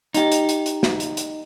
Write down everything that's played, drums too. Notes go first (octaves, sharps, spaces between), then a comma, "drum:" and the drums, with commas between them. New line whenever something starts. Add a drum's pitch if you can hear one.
D#4 G4, drum: hi-hat
drum: hi-hat
drum: hi-hat
drum: hi-hat
drum: snare
drum: hi-hat
drum: hi-hat